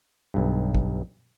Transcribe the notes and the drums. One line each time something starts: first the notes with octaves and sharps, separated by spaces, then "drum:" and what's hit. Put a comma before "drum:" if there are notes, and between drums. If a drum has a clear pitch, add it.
B1 G2
drum: kick